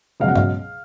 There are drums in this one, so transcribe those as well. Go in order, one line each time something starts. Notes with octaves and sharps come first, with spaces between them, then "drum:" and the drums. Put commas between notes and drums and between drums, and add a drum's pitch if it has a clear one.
C#2 B2 F#3 F5
F#5
F5, drum: tom G2